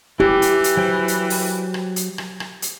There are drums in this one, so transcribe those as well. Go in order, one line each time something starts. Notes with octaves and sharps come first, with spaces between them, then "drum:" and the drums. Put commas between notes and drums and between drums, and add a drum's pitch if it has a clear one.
E3 E4 G4, drum: kick
drum: hi-hat
drum: hi-hat
F#3 C5 G5
drum: hi-hat
drum: open hi-hat
drum: rim click
drum: hi-hat
drum: rim click
drum: rim click
drum: hi-hat